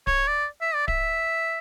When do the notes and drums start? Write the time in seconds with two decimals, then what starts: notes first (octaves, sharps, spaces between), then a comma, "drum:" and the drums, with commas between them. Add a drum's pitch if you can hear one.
0.07 C#5, drum: kick D1
0.28 D5
0.61 E5
0.74 D5
0.88 E5, drum: kick D1